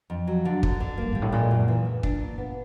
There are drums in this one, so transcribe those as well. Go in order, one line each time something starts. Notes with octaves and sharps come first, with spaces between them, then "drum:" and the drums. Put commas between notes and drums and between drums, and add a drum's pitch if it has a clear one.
F2
F#3
D3
D3, drum: kick
D3
G2 A#3
G#2 G3
A2
A#2 G#3
F#2
E3
C#3
D4, drum: kick
A#2
B3